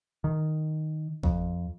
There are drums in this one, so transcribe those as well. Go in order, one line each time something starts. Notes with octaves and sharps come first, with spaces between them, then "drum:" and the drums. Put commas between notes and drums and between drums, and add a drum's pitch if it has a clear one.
D#3
F2, drum: kick G#1